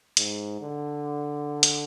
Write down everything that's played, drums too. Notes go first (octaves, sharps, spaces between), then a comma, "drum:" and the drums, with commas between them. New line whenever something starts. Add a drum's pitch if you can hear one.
G#2, drum: hi-hat
D3
drum: hi-hat